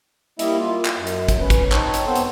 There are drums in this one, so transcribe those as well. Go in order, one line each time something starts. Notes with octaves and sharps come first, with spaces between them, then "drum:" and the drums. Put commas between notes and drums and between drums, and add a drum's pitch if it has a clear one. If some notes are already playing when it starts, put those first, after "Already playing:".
G3 A#3 E4 D#5 E5, drum: hi-hat
A#3 F4
drum: clap
F#2
drum: hi-hat
drum: kick, hi-hat
C#4 B4
drum: kick, hi-hat
C4 D#4 C#5 A5, drum: clap
drum: hi-hat
B3 C4 A4 C5
drum: hi-hat